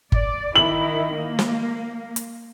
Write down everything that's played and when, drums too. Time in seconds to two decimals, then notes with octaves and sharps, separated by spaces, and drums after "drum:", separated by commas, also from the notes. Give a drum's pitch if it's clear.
0.12 D5, drum: kick G1
0.56 D#3 E4 F#7
1.15 A#3
1.39 drum: snare
2.16 drum: hi-hat